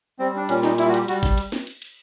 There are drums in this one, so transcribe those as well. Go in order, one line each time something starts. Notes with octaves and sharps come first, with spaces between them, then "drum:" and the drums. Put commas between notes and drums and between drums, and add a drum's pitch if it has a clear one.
G3 C4
D4
A#2 C#4, drum: cymbal
D#4, drum: snare
G3 E4, drum: cymbal
F#4
G4, drum: cymbal
G3 F#4, drum: cymbal
drum: kick, cymbal
drum: cymbal
drum: snare
drum: cymbal
drum: cymbal